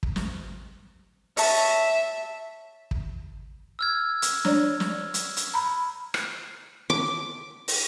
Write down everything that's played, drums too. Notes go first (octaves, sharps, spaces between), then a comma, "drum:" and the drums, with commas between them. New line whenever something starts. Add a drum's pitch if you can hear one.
drum: kick
drum: snare
C#5 E5 A5, drum: open hi-hat
drum: kick
E6 F6 G#6
drum: hi-hat
D4 C#5 D5, drum: snare
drum: snare
drum: hi-hat
drum: hi-hat
A#5 B5
drum: rim click
D6
drum: open hi-hat